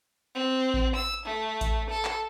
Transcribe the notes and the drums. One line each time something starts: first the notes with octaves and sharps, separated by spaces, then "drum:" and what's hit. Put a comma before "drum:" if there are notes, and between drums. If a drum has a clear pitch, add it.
C4
drum: kick A1
E6
A3
drum: kick A1, hi-hat
A4
drum: clap